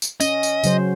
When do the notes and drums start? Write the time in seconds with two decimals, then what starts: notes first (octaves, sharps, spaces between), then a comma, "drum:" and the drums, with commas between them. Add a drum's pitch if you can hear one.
0.02 drum: tambourine
0.20 C#4 D#5, drum: tambourine
0.43 drum: tambourine
0.64 C#3 F#3 C5, drum: tambourine